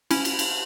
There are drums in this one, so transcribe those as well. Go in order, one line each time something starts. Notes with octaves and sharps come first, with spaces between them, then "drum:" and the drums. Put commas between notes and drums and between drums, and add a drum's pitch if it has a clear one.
C#4 E4, drum: cymbal
drum: cymbal
drum: cymbal